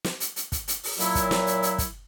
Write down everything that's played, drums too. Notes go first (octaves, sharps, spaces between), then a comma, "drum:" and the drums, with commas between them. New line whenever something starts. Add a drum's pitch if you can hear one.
drum: snare
drum: hi-hat
drum: hi-hat
drum: kick, hi-hat
drum: hi-hat
drum: open hi-hat
A#2 F#3 E4, drum: hi-hat
drum: kick, hi-hat
drum: snare
drum: hi-hat
drum: hi-hat
drum: kick, hi-hat